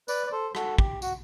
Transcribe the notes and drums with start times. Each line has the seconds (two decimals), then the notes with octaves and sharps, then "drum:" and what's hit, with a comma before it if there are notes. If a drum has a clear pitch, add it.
0.08 B4 D5, drum: tambourine
0.27 D5
0.31 A4 C5
0.55 F#4 A4, drum: rim click
0.78 G4, drum: kick
1.02 F#4, drum: tambourine